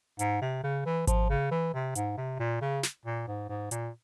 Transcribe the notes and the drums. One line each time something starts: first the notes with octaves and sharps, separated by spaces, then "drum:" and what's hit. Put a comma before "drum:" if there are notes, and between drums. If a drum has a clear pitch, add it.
G#2, drum: hi-hat
C3
C#3
E3
F3, drum: kick G#1, hi-hat
C#3
E3
C3
G#2, drum: hi-hat
C3
A#2
C#3
drum: snare
A#2
G#2
G#2
A#2, drum: hi-hat